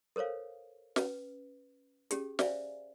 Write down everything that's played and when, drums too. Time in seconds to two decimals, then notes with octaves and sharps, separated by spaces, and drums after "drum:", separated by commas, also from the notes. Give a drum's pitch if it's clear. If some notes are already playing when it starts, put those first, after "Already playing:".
0.16 A4 A#4 C5 C#5 F5
0.96 C#4 B4, drum: snare
2.11 C#4 G4 G#4, drum: hi-hat
2.39 C5 D5 E5 F5 G#5, drum: snare